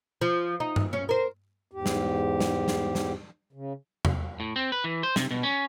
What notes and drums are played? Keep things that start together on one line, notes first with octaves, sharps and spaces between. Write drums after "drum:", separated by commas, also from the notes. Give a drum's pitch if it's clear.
F3
D#4
drum: tom G2
C#4
A#4 C5
E2 G#2 G4
drum: snare
drum: snare
drum: snare
drum: snare
C#3
drum: tom E2
A2
C4
B4
E3
C5
C3, drum: snare
B2
C#4